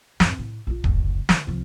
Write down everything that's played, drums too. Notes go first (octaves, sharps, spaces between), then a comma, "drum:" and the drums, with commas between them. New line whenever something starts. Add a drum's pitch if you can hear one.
F2 G#2, drum: snare
A2
A#1 F4
F#1 D2, drum: kick D1
D3 E3, drum: snare
C2 F3